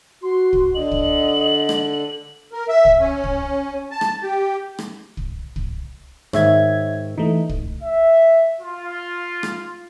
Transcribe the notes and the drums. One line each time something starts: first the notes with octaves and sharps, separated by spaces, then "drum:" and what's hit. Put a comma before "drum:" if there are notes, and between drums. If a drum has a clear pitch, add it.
F#4 C6
drum: kick
D3 D#5 F#7
drum: kick
drum: rim click
A#4
E5
drum: kick
C#4
drum: kick
A5
drum: rim click
G4
drum: rim click
drum: kick
drum: kick
G#2 D#3 C#5 E5 F5 G#6, drum: rim click
E3 A3 D#4
drum: kick
E5
F4
drum: rim click